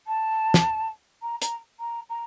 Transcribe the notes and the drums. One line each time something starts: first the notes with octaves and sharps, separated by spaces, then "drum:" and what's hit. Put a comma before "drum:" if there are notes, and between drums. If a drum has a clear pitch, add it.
A5
drum: snare
A#5
A#5, drum: hi-hat
A#5
A#5